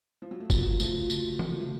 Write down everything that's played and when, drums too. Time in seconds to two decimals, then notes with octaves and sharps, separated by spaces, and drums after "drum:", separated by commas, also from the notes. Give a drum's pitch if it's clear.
0.22 F3
0.31 F#3
0.40 A3
0.50 F#3 A#3 F4, drum: kick, tambourine
0.70 C#3
0.80 F3 A3, drum: tambourine
0.90 F4
1.10 A3, drum: tambourine
1.30 C#3
1.39 drum: tom E3
1.49 F4
1.60 A3